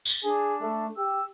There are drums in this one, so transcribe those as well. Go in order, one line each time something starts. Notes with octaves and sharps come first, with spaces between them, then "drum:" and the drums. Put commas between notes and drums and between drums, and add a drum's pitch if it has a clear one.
drum: tambourine
D4 G#4
A3
G4 E6